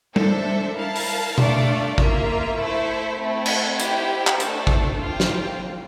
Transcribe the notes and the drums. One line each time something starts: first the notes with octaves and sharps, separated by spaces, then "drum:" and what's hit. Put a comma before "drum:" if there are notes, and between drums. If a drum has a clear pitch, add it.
D4 A4 C5 E5, drum: tom G3
E4 A#4 F5 A5
drum: open hi-hat
A3 D4 F4 A4 D5, drum: tom B2
A#3 F4 A#4 E5, drum: kick
A3 E4 A4 C5 E5
A3 C4 E4 A4
drum: cymbal
E4 G4 C5 G5, drum: hi-hat
drum: clap
A3 D4 A4 C5, drum: hi-hat
drum: kick
F4 C5 G5
drum: snare